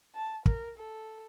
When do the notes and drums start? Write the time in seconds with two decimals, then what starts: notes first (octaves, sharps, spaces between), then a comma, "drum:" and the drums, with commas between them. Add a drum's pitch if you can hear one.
0.15 A5
0.46 A#4, drum: kick
0.78 A4